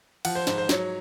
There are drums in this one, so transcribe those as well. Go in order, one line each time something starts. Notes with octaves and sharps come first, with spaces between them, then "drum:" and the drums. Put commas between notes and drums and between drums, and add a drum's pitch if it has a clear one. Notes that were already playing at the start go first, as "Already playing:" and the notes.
F3 F#5, drum: cymbal
C5
G#2 C5, drum: snare
C5
F#3 C#5, drum: snare